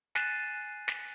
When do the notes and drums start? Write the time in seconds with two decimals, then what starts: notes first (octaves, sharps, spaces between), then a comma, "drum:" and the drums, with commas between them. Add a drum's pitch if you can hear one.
0.15 G#5 F#6 A6 C7 D#7 E7, drum: snare
0.88 drum: snare